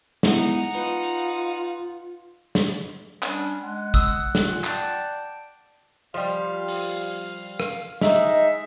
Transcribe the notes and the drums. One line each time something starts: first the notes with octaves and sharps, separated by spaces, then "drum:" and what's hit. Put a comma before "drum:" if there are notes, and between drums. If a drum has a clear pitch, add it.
G#3 B3 D#4 E4 F#5, drum: snare
F4 B4
drum: snare
G3 C#4 D4, drum: clap
G#3 F#5
D#6 E6, drum: kick
A#2, drum: snare
D5 G5 A5, drum: clap
F3 G3 F5
drum: open hi-hat
drum: rim click
G#3 D#4 E5, drum: snare